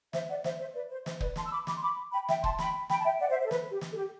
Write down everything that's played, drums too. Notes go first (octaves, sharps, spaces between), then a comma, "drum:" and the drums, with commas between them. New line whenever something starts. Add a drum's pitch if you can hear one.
C5 E5, drum: snare
D5 F#5
C5 E5, drum: snare
C5 E5
B4 D5
C5
C5 E5, drum: snare
B4 D5, drum: kick
A5 C6, drum: snare
E6
B5 D6
B5 D6, drum: snare
C6
B5 D6
G5 B5
E5 G5, drum: snare
A5 C6, drum: kick
G5 B5, drum: snare
G5 B5, drum: snare
A5
E5 G5
D5 F#5
C5 E5
C5
A4
B4, drum: snare
G4
drum: snare
A4
G4